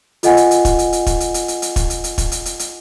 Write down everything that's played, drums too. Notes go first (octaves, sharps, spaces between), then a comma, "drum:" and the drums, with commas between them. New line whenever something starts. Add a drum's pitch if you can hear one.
F4 A4 D#5 F#5 G#5, drum: hi-hat
drum: hi-hat
drum: hi-hat
drum: kick, hi-hat
drum: hi-hat
drum: hi-hat
drum: kick, hi-hat
drum: hi-hat
drum: hi-hat
drum: hi-hat
drum: hi-hat
drum: kick, hi-hat
drum: hi-hat
drum: hi-hat
drum: kick, hi-hat
drum: hi-hat
drum: hi-hat
drum: hi-hat